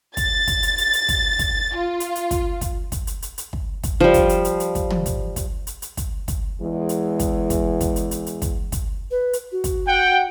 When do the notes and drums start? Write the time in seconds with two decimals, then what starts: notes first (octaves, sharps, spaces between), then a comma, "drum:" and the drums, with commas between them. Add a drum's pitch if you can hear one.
0.17 A6, drum: kick, hi-hat
0.47 drum: kick, hi-hat
0.63 drum: hi-hat
0.78 drum: hi-hat
0.93 drum: hi-hat
1.09 drum: kick, hi-hat
1.39 drum: kick, hi-hat
1.75 F4
2.00 drum: hi-hat
2.15 drum: hi-hat
2.31 drum: kick, hi-hat
2.61 drum: kick, hi-hat
2.92 drum: kick, hi-hat
3.07 drum: hi-hat
3.22 drum: hi-hat
3.38 drum: hi-hat
3.53 drum: kick
3.83 drum: kick, hi-hat
4.00 F3 G3
4.14 drum: kick, hi-hat
4.29 drum: hi-hat
4.45 drum: hi-hat
4.60 drum: hi-hat
4.75 drum: kick, hi-hat
4.90 drum: tom
5.06 drum: kick, hi-hat
5.36 drum: kick, hi-hat
5.67 drum: hi-hat
5.82 drum: hi-hat
5.97 drum: kick, hi-hat
6.28 drum: kick, hi-hat
6.62 E2 E3 G#3
6.89 drum: hi-hat
7.20 drum: kick, hi-hat
7.50 drum: kick, hi-hat
7.81 drum: kick, hi-hat
7.96 drum: hi-hat
8.11 drum: hi-hat
8.26 drum: hi-hat
8.42 drum: kick, hi-hat
8.72 drum: kick, hi-hat
9.11 B4
9.33 drum: hi-hat
9.52 F#4
9.64 drum: kick, hi-hat
9.86 F#5 G5